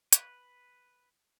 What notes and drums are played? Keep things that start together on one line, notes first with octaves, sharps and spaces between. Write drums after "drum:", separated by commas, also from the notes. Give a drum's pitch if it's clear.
B4, drum: hi-hat